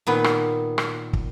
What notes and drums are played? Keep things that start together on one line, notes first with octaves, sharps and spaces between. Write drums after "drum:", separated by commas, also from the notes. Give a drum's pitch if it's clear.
A#2 D#3 B3
drum: rim click
drum: rim click
drum: kick